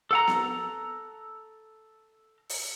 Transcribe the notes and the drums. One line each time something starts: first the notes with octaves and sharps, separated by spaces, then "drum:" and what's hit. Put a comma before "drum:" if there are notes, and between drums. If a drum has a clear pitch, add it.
A4 F#5 A#5
drum: snare B3
drum: open hi-hat